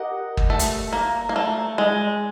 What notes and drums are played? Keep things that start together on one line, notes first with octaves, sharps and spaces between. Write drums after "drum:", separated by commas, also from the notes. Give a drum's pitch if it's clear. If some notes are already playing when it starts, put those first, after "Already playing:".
Already playing: G4 A#4 D#5 F#5
drum: kick
A3
drum: hi-hat
A#3
A#3
A3
G#3